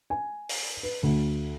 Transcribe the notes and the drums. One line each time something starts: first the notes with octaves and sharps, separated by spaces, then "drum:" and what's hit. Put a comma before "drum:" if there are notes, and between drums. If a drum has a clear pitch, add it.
G#5
drum: open hi-hat
B4
D2